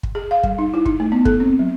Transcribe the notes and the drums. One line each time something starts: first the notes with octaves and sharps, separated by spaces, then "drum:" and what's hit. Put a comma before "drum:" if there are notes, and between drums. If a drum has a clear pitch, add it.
drum: kick
G#4
F5
G3, drum: kick
D#4
E4
D#4, drum: kick
A3
B3
A4, drum: kick
C4
F#3